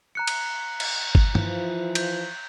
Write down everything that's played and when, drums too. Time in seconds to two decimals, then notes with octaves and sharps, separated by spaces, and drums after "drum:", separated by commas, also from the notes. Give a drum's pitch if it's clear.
0.15 A#5 F#6 C#7
0.27 drum: cymbal
0.80 drum: cymbal
1.15 drum: kick G1
1.35 E3 F3, drum: tom
1.95 G6, drum: cymbal